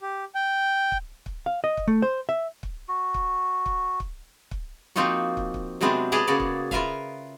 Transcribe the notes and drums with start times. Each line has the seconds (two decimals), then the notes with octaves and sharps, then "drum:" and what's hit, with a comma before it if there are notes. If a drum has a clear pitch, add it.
0.01 G4
0.35 G5
0.92 drum: kick
1.26 drum: kick
1.46 F5
1.64 D#5
1.77 drum: kick
1.88 A3
2.02 C5
2.29 E5
2.63 drum: kick
2.89 F#4
3.14 drum: kick
3.66 drum: kick
4.00 drum: kick
4.51 drum: kick
4.96 F3 A#3 C4 D#4 F4 F#4
5.37 drum: kick
5.54 drum: kick
5.81 C3 F#3 G#3 B3 C4 D4
6.12 G#4 B4 D5 D#5 A5 A#5
6.27 C#3 A#3 B3 F#4 D5
6.40 drum: kick
6.71 F4 A#4 B4 E5 F5, drum: kick